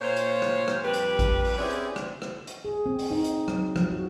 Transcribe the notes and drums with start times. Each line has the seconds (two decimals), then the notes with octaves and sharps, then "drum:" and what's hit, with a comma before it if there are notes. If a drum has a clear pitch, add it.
0.01 A#2 C5 C#5
0.16 drum: hi-hat
0.42 drum: rim click
0.68 drum: rim click
0.83 F2 G3 G4 B4
0.93 drum: hi-hat
1.19 drum: kick A1, hi-hat
1.45 drum: open hi-hat
1.58 C4 C#4 E4 G4 G#4 D5
1.70 drum: hi-hat
1.96 drum: rim click
2.22 drum: rim click
2.47 drum: hi-hat
2.65 G#4
2.86 C4
2.99 drum: open hi-hat
3.11 D#4
3.24 drum: hi-hat
3.48 F#3, drum: rim click
3.76 F3, drum: rim click
3.91 F#4